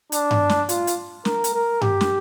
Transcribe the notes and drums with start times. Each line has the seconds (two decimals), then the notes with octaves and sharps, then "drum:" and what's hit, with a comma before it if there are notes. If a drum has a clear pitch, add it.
0.12 D4, drum: hi-hat
0.31 drum: tom G2
0.49 drum: snare
0.69 F4, drum: hi-hat
0.87 drum: hi-hat
1.25 A#4, drum: snare
1.44 drum: hi-hat
1.54 A#4
1.81 G4, drum: tom G2
2.01 drum: snare